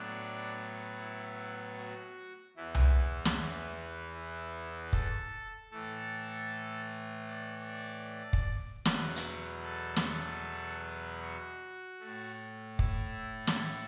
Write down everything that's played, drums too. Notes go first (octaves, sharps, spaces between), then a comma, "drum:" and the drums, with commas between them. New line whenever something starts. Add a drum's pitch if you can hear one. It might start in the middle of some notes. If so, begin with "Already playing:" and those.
Already playing: A2 F#3 B3 D4
E4
F#4
E2 E3 B3 E4
drum: tom C2
drum: snare
E4
A4, drum: kick
A2 E3 A3 A4
D5
D5
drum: kick
E2 B2 F#3 B3 B4, drum: snare
drum: hi-hat
A4
drum: snare
F#4
A2 A3
E4, drum: kick
drum: snare